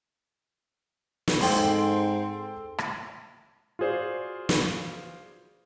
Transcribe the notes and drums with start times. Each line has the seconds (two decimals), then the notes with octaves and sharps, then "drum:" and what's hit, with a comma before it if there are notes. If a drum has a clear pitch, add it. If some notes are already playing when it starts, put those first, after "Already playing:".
1.28 drum: snare
1.41 G#2 C4 A4 G5 C6, drum: open hi-hat
2.78 drum: rim click
3.79 F4 F#4 G#4 C5 D5
4.49 drum: snare